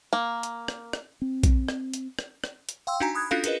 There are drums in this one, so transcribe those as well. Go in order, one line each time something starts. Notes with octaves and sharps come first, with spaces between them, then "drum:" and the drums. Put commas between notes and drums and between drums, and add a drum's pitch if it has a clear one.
A#3
drum: hi-hat
drum: rim click
drum: rim click
C4
drum: kick A#1, hi-hat
drum: rim click
drum: hi-hat
drum: rim click
drum: rim click
drum: hi-hat
F5 G5 C6 E6
D4 D#4 F#4 G#5 A#5
B5 D#6 F#6 G#6
C#4 D4 F4 F#4 A4 F5
F4 G#4 A#4 B4 D#5, drum: hi-hat